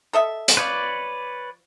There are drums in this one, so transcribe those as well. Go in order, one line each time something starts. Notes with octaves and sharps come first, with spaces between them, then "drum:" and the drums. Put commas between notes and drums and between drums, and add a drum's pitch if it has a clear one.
A4 D#5 E5
drum: hi-hat
F3 B4 C#5 D5